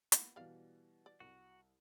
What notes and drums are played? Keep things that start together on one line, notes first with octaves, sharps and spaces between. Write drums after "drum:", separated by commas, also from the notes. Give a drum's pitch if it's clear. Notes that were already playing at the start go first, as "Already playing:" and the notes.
A#3 B3 E4, drum: hi-hat
B2 E3 G3 A#4 D5 F5
D5
C2 F#4